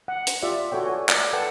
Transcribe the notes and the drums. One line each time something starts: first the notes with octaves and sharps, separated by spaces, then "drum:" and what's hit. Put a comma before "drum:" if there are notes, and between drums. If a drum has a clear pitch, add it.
F#5
drum: hi-hat
F4 G4 D5 E5
F#4 A4 C#5 G5
A4 D5 G#5
D5, drum: clap
A4 B4 F#5 G5 A5